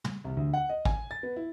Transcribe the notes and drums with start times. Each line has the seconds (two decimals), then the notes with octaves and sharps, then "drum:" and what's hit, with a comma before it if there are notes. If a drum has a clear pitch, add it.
0.04 drum: tom
0.25 C2
0.37 D2
0.53 F#5
0.69 D#5
0.85 G#5, drum: kick
1.11 A6
1.23 B3
1.36 E4